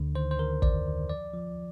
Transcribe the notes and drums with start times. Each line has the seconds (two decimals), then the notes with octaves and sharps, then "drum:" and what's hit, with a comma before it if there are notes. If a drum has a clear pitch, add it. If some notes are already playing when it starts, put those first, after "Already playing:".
Already playing: D2 D3
0.15 D#3 C5
0.31 C5
0.39 D#3 A#4
0.62 F2 D5, drum: kick
0.86 D#3
1.09 F3 D5
1.33 F3